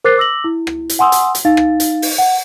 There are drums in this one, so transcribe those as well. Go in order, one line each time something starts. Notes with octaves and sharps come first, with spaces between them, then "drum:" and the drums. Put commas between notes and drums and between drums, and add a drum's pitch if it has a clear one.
A#4 C5 D6 F#6 A6 C7
D6 E6 A#6 F#7
E4
drum: rim click
drum: hi-hat
F#5 G#5 C6 D#6 E6
drum: hi-hat
drum: hi-hat
D#4 F5 A6
drum: rim click
drum: hi-hat
drum: open hi-hat
F#5